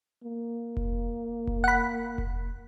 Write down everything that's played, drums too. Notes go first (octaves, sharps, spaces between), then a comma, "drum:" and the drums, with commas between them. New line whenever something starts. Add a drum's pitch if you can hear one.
A#3
drum: kick F1
drum: kick F1
F#5 B5
drum: kick F1